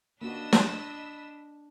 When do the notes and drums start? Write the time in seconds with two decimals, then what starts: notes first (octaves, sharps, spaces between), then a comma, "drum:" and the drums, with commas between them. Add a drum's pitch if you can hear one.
0.22 A#3 C#4 D4 F#4 D#5 B5 E6
0.53 drum: snare